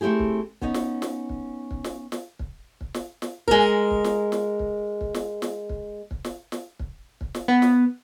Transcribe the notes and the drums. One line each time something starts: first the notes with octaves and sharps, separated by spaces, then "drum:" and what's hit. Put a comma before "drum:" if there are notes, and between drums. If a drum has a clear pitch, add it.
A3 C4 E4 G4 G#4
drum: kick
B3 C#4 D#4, drum: kick
drum: snare
drum: snare
drum: kick
drum: kick
drum: snare
drum: snare
drum: kick
drum: kick
drum: snare
drum: snare
G#3 A#4, drum: kick
drum: kick
drum: snare
drum: snare
drum: kick
drum: kick
drum: snare
drum: snare
drum: kick
drum: kick
drum: snare
drum: snare
drum: kick
drum: kick
drum: snare
B3
drum: snare